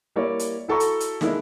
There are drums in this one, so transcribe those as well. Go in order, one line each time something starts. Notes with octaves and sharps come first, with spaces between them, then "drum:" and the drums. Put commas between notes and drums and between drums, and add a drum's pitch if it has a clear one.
G3 A#3 E4 C#5 D5
drum: hi-hat
E4 F#4 A4 E5 A#5 C#6
drum: hi-hat
drum: hi-hat
D#3 G#3 A#3 D4 E4, drum: snare